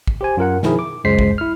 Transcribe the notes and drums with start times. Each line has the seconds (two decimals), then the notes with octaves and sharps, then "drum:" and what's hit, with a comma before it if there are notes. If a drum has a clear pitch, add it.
0.07 drum: kick
0.21 G4 C5 G#5
0.37 F#2 F4 A#4 F#5
0.63 B2 D#3 F3 E4 G#4 A#4, drum: snare
0.79 D6
1.05 C#2 F#2 G#3 C5 B6 C7
1.19 drum: kick
1.38 E4 F6